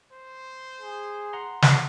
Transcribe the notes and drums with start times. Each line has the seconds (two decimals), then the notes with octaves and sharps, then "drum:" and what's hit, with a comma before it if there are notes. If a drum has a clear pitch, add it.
0.13 C5
0.80 G#4
1.33 F#5 A#5 C6
1.62 drum: snare